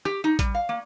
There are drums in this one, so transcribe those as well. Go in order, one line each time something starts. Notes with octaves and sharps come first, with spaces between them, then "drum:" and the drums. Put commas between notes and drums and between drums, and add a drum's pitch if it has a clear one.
G4, drum: rim click
D#4
G3, drum: kick A1, hi-hat
F5
A#3